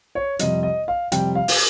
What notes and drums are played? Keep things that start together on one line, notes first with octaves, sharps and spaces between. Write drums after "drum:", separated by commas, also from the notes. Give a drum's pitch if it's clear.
C#5
F2 C3 G3 D#5, drum: hi-hat
D#5
F5
F2 C3 G3 G5, drum: hi-hat
F5
drum: open hi-hat